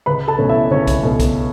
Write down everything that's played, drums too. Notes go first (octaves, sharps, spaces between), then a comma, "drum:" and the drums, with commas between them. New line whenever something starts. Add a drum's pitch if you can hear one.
C#2 B4 B5
A4 A5
B2 A3 C#4
E4 E5
C#2 C#4 C#5
drum: kick B1, hi-hat
B2 A3 C#4
drum: kick B1, hi-hat